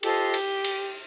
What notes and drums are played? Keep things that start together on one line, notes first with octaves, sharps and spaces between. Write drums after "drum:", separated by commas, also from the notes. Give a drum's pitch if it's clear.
F4 G4 A4 C5 D#5, drum: cymbal
drum: cymbal
drum: cymbal